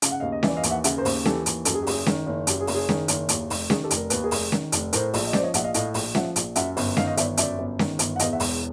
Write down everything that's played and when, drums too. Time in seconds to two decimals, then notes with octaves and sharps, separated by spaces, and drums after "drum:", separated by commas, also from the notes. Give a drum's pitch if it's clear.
0.02 C#3 F5, drum: hi-hat
0.11 F#5
0.20 D#2 D#5 F5
0.32 D#5
0.43 E3 D5 E5, drum: snare C#4
0.56 D#5 F5
0.63 D#2, drum: hi-hat
0.70 E5 F#5
0.84 C#3 E5 F#5, drum: hi-hat
0.97 A#4 C5
1.05 D#2, drum: open hi-hat
1.25 E3 G4 A4, drum: snare C#4
1.46 D#2, drum: hi-hat
1.65 F#2 A4, drum: hi-hat
1.74 G#4
1.82 G4
1.87 F#1 G#4, drum: open hi-hat
2.06 D#3, drum: snare C#4
2.27 F#1
2.47 F#2 G4, drum: hi-hat
2.61 G#4
2.67 F#1, drum: open hi-hat
2.75 G#4
2.89 D#3, drum: snare C#4
3.08 F#1, drum: hi-hat
3.29 D#2, drum: hi-hat
3.50 F1, drum: open hi-hat
3.70 D#3 G#4, drum: snare C#4
3.83 G4 A4
3.91 F1, drum: hi-hat
3.97 A#4
4.10 D#2 B4, drum: hi-hat
4.24 G#4 A#4
4.31 F1, drum: open hi-hat
4.52 D#3, drum: snare C#4
4.72 F1, drum: hi-hat
4.93 A2 A#4 C5, drum: hi-hat
5.14 A#1, drum: open hi-hat
5.27 D#5
5.33 F3 C5 D5, drum: snare C#4
5.43 C#5 D#5
5.54 A#1 E5 F#5, drum: hi-hat
5.64 D#5 F5
5.74 A2 D#5 F5, drum: hi-hat
5.94 A#1, drum: open hi-hat
6.15 F3 E5 F#5, drum: snare C#4
6.36 A#1, drum: hi-hat
6.56 F#2 E5 F#5, drum: hi-hat
6.77 G1, drum: open hi-hat
6.97 D#3 D#5 F5, drum: snare C#4
7.07 D#5 F5
7.17 G1 D5 E5, drum: hi-hat
7.37 F#2 D5 E5, drum: hi-hat
7.59 G1
7.79 D#3, drum: snare C#4
7.99 G1, drum: hi-hat
8.16 F#5
8.19 E2 D#5 F5, drum: hi-hat
8.33 E5 F#5
8.40 E1, drum: open hi-hat